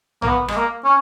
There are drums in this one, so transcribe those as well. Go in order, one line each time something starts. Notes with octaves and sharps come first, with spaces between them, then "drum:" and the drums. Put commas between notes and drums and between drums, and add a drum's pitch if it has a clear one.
A#3, drum: tom A#1
B3
G#3, drum: rim click
A#3
C#4